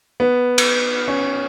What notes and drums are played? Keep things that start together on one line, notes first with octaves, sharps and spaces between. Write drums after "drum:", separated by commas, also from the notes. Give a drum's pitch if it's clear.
B3
drum: cymbal
C#4